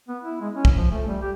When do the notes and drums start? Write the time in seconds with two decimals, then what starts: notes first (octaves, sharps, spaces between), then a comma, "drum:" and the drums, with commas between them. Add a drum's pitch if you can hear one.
0.08 B3
0.24 E4
0.41 G#3
0.54 C#4
0.65 drum: kick
0.77 F3
0.91 A3
1.08 G3
1.21 G4